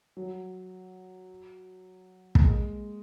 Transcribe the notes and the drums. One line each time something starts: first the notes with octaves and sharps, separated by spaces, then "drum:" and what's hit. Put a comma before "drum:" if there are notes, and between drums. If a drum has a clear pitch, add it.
F#3
A#3, drum: kick
G#3